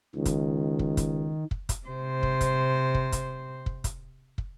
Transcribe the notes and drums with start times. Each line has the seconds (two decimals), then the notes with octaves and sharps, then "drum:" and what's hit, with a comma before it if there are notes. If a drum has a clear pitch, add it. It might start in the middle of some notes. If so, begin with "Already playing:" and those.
0.15 C#2 D#3
0.25 drum: kick, hi-hat
0.79 drum: kick
0.97 drum: kick, hi-hat
1.51 drum: kick
1.69 drum: kick, hi-hat
1.87 C3 C5
2.23 drum: kick
2.41 drum: kick, hi-hat
2.94 drum: kick
3.12 drum: kick, hi-hat
3.66 drum: kick
3.84 drum: kick, hi-hat
4.38 drum: kick